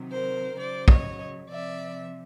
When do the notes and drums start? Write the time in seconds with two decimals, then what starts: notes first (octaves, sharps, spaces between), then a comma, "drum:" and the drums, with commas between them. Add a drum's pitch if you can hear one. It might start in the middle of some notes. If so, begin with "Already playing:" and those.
Already playing: C3 D#3 F#3
0.10 A#4 C5
0.57 C#3 F#3 C5 D5
0.88 C#5 D#5, drum: kick
1.50 C3 F3 D5 E5